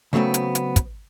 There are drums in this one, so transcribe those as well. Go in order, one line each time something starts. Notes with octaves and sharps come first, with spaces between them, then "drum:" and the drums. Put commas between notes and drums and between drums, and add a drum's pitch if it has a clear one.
C#3 F#3 A3 B3 C4
drum: hi-hat
drum: hi-hat
drum: kick, hi-hat